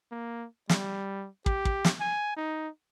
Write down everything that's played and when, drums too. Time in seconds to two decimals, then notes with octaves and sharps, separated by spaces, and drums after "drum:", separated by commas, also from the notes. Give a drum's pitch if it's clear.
0.12 A#3
0.69 G3, drum: snare
1.46 G4, drum: kick
1.65 drum: kick
1.85 drum: snare
2.01 G#5
2.37 D#4